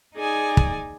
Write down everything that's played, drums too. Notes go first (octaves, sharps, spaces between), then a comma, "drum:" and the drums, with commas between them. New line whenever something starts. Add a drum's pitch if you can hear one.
D#4 G#4 D5 G#5
drum: kick